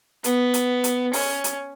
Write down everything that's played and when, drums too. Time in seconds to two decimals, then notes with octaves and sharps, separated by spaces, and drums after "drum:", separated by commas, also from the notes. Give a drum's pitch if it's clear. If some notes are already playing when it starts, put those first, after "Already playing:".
0.24 B3, drum: hi-hat
0.54 drum: hi-hat
0.84 drum: hi-hat
1.13 C#4, drum: open hi-hat
1.44 drum: hi-hat